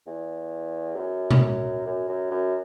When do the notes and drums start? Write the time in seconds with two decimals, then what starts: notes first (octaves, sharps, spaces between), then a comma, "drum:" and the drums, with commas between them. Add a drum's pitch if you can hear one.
0.07 E2
0.96 F#2
1.31 drum: tom B2
1.86 F#2
2.09 F#2
2.31 F#2